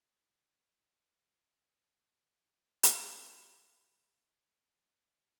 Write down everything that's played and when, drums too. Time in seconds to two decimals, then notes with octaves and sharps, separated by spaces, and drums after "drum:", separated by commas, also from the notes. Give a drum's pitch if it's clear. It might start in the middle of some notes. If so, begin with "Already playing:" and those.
0.21 F1 G2 C3
1.99 G#3 A3 B3 D6
2.83 drum: hi-hat
3.66 G3
3.89 E4
4.42 E4
4.79 G3
4.94 C4